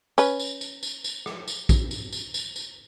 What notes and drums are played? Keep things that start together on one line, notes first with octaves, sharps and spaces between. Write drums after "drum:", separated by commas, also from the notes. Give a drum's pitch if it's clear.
C#4 B4, drum: tambourine
drum: tambourine
drum: tambourine
drum: tambourine
drum: tambourine
drum: rim click
drum: tambourine
drum: kick A#1, tambourine
drum: tambourine
drum: tambourine
drum: tambourine
drum: tambourine